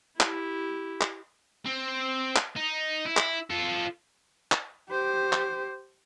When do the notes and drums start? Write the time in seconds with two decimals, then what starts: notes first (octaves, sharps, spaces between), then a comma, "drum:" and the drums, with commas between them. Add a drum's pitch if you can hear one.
0.20 E4 G4, drum: clap
1.01 drum: clap
1.66 C4
2.36 drum: clap
2.56 D#4
3.05 E4
3.17 drum: clap
3.50 F4 A4
4.52 drum: clap
4.90 G4 C5
5.33 drum: clap